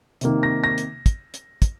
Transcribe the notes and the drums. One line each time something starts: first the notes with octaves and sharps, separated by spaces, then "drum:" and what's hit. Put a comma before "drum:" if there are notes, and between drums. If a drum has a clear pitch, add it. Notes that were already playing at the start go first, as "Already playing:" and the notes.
C3 D#3 A#3, drum: hi-hat
A#6
A#6
drum: hi-hat
drum: kick, hi-hat
drum: hi-hat
drum: kick, hi-hat